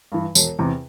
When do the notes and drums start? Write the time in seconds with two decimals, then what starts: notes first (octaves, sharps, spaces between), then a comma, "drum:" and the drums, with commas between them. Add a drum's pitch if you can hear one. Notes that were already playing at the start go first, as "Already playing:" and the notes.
0.12 G2 E3
0.35 E1, drum: tambourine
0.59 E2 C3